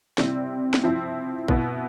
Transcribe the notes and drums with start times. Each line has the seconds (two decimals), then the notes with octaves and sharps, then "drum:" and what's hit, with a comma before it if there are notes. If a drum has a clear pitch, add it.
0.18 C3 G3 C4 E4, drum: snare
0.74 drum: snare
0.83 F3 C4 E4
1.48 B2 B3 E4, drum: kick A1